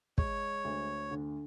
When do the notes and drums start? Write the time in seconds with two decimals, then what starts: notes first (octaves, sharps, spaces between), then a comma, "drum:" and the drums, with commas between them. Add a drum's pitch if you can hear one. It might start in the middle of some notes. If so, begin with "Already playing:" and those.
0.18 G#3 C#5, drum: kick
0.65 D2
1.11 D3